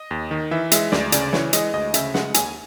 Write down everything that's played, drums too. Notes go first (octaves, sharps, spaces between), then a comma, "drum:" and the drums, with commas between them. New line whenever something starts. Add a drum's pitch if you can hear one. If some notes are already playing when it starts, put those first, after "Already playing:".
Already playing: D#5
D#2
D#3
E3 E5
G#3 E5, drum: hi-hat
D2 D5, drum: snare
C#3 D5, drum: hi-hat
E3 C#5, drum: snare
G#3 D#5, drum: hi-hat
D2 D#5
C#3 E5, drum: hi-hat
G#3 F#5, drum: snare
D#2 G#5, drum: hi-hat